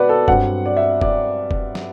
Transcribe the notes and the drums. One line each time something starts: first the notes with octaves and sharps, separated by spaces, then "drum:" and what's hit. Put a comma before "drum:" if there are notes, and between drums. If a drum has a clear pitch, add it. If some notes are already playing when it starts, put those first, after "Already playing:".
Already playing: B2 B4 D5 F#5
A4
G2 F#3 C4 F#5, drum: kick F1
D5
E5
D5, drum: kick F1
drum: kick F1
drum: snare